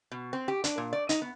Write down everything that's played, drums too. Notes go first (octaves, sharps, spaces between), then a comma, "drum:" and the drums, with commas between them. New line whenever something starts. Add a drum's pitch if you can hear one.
B2
C4
G4
D4, drum: hi-hat
A#2
D5
D#4, drum: hi-hat
B3